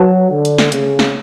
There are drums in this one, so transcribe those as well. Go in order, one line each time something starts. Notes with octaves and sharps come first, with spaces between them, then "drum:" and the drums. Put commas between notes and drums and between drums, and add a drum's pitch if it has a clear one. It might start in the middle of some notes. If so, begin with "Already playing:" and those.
Already playing: F#3 F#4 B4 A5
D3
drum: hi-hat
drum: snare
C#3, drum: hi-hat
drum: snare